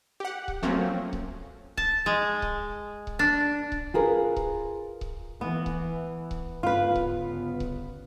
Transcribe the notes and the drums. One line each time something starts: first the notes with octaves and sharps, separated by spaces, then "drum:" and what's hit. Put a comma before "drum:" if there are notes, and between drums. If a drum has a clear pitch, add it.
G4 F#5
drum: kick C#1
F3 F#3 A3 A#3 C4 C#4
drum: kick C#1
A5, drum: kick C#1
G#3
drum: kick C#1
drum: kick C#1
D4
drum: kick C#1
F4 G#4 A#4 B4
drum: kick C#1
drum: kick C#1
E3 B3
drum: kick C#1
drum: kick C#1
G1 C#3 B3 F4 B4
drum: kick C#1
drum: kick C#1